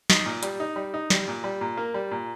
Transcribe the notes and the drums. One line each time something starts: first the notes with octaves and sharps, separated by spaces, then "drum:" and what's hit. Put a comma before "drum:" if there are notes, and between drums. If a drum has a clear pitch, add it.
D#4, drum: snare
A#2
G3, drum: hi-hat
D#4
G3
D#4
G3, drum: snare
A#2
G3
A#2
A#3
G3
A#2